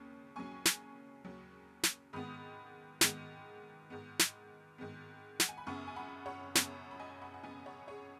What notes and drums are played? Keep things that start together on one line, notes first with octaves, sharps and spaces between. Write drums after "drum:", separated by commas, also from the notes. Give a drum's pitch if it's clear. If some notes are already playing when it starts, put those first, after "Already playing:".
Already playing: D#2 C#3 C#4
D#2 C#3 F#3 C#4 G#5 C#6
drum: snare
D#2 C#3 F#3 C#4
drum: snare
G#2 D#3 G#3 B3 B5 D#6
G#2 D#3 G#3 B3, drum: snare
G#2 D#3 G#3 B3
drum: snare
G#2 D#3 G#3 B3
F#5, drum: snare
G#5
B5
F#2 C#3 B3 G#5 C#6
G#5
F#5 B5
C#5 F#5
F#2 C#3 B3 C#5 F#5, drum: snare
B5
D#5 G#5
F#5 B5
F#5
F#2 C#3 B3 D#5 G#5
C#5 F#5
G#4 C#5